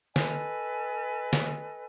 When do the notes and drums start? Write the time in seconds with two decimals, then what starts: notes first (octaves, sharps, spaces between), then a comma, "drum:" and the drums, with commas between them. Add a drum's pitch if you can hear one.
0.16 A4 B4 D#5 G#5, drum: snare
1.33 drum: snare